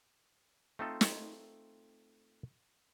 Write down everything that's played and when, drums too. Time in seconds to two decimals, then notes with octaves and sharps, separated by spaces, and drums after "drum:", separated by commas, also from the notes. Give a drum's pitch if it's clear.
0.79 A3 C4 D#4 F4 A4 C5
1.01 drum: snare